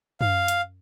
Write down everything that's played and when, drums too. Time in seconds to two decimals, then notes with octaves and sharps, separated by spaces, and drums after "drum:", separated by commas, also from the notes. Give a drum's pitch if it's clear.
0.21 F5, drum: tom F#2
0.48 drum: hi-hat